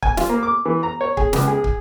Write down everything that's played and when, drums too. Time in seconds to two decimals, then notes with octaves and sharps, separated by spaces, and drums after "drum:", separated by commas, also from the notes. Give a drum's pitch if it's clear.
0.03 G#5, drum: kick
0.17 F4, drum: snare
0.29 A#3
0.43 D6
0.66 E3
0.83 A#5
1.01 C#5
1.17 G#4, drum: kick
1.33 C#2, drum: snare
1.47 G#4
1.64 drum: kick